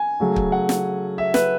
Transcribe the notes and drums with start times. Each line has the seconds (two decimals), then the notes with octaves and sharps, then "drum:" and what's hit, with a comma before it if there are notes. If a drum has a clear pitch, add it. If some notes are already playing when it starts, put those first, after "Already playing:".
Already playing: G#5
0.20 C#3 F#3 A3
0.36 drum: kick
0.52 F#5
0.69 drum: snare
1.18 E5
1.34 B4, drum: snare